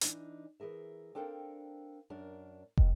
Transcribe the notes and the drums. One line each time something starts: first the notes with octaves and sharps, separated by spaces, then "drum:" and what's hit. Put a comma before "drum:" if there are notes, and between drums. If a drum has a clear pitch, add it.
E3 D4 D#4, drum: hi-hat
E3 G#4 A#4 E5
C4 D4 A4 A#4 F5 G5
F#2 D4 A#4
G#2 D#3, drum: kick